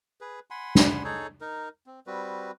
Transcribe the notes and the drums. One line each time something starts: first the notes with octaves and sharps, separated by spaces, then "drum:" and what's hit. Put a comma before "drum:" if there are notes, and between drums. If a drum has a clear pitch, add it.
G#4 B4
F#5 G#5 B5 C6
drum: snare
D#4 G#4 A4 C#5
D#4 A#4
C4
G3 C4 F#4 B4